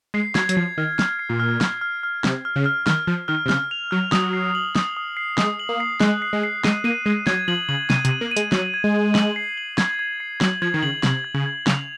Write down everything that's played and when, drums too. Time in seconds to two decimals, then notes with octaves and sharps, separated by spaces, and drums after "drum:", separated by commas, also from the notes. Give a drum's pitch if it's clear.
0.14 G#3 C7
0.35 F#3 G#6, drum: snare
0.49 F#3, drum: hi-hat
0.57 F3 C7
0.78 D#3 F6
0.99 F6, drum: snare
1.19 C7
1.29 A#2
1.40 F6
1.61 F6, drum: snare
1.81 F6
2.03 F6
2.24 C3 F6, drum: snare
2.45 F6
2.56 C#3
2.66 F6
2.87 D#3 F6, drum: snare
3.07 F3 F6
3.28 D#3 F6
3.46 C3
3.49 C#3 F6, drum: snare
3.71 F7
3.91 F#3 F6
4.12 F#3 D#6, drum: snare
4.33 C7
4.55 F#7
4.75 D#6, drum: snare
4.97 D#6
5.17 C7
5.38 G#3 D#6, drum: snare
5.59 F#7
5.69 A#3
5.80 C7
6.00 G#3 F#6, drum: snare
6.22 C7
6.33 G#3
6.43 C7
6.64 G#3 D#7, drum: snare
6.84 A#3 D#7
7.05 G#3 D#7
7.27 F#3 G#6, drum: snare
7.48 F3 F#7
7.69 C#3 F#7
7.90 C3 D#7, drum: snare
8.05 C3, drum: hi-hat
8.11 D#7
8.21 A#3
8.31 D#7
8.37 G#3, drum: hi-hat
8.52 F#3 F#7, drum: snare
8.74 G#6
8.84 G#3
8.95 G#6
9.15 F#7, drum: snare
9.36 C7
9.58 F#7
9.78 G#6, drum: snare
9.99 G#6
10.20 C7
10.41 F#3 F#7, drum: snare
10.62 F3 G#6
10.74 D#3
10.83 C#3 F#7
11.03 C3 F#7, drum: snare
11.24 G#6
11.35 C#3
11.46 G#6
11.67 C#3 F7, drum: snare